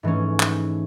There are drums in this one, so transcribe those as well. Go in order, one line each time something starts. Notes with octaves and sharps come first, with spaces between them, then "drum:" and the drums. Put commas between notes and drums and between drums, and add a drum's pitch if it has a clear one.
G#2 E3 A3 C#4
drum: clap